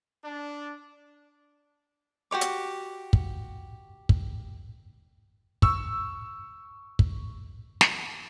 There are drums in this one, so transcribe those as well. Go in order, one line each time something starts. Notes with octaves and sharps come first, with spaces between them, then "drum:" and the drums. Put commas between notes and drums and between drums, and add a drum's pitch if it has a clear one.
D4
F#4 G4 C#5 D6
drum: hi-hat
drum: kick
drum: kick
C#6 E6, drum: kick
drum: kick
drum: snare